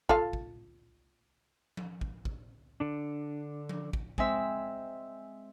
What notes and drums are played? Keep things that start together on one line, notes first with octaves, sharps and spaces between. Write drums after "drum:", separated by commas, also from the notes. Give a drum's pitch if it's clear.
F4 A4 F5, drum: kick
drum: kick
drum: tom F3
drum: kick
drum: kick
D3 D4
drum: tom F3
drum: kick
G#3 C4 E5, drum: kick